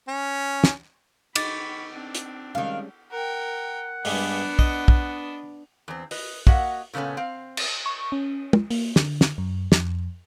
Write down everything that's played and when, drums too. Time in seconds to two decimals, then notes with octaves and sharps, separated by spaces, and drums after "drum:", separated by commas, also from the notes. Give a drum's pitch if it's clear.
0.08 C#4
0.64 drum: snare
1.36 D#4 D#5 B5 C#6 D6 A6, drum: cymbal
1.93 C4 D4
2.15 drum: hi-hat
2.55 D#3 G3 G#3 C#4 F5
3.12 A#4 F#5 G5
4.05 G2 G3 G#3 B3 D4, drum: open hi-hat
4.59 D#5, drum: kick
4.88 drum: kick
5.88 E2 C4
6.11 B4 D#5, drum: open hi-hat
6.47 A#3 F#4 D#5 E5 F#5, drum: kick
6.93 A#2 C#3 A3 B3 C#4
7.17 C4 F5
7.57 drum: cymbal
7.86 C#6
8.12 C#4
8.53 drum: tom
8.70 A#3, drum: open hi-hat
8.96 D3, drum: snare
9.21 drum: snare
9.38 F#2
9.72 F2, drum: snare